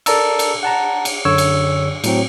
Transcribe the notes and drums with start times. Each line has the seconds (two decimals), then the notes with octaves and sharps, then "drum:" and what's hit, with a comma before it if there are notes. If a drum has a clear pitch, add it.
0.06 A4 A#4 D5 A5 A#5 E6, drum: cymbal
0.39 drum: cymbal
0.63 F#5 A5 A#5
1.05 drum: cymbal
1.25 F#2 D3 C#5 E6
1.38 drum: cymbal
2.04 A2 F#3 C4, drum: cymbal